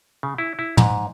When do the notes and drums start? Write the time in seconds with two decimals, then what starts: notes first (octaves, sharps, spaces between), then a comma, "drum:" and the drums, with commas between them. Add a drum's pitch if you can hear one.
0.23 C#3
0.38 E4
0.59 E4
0.77 G#2, drum: tom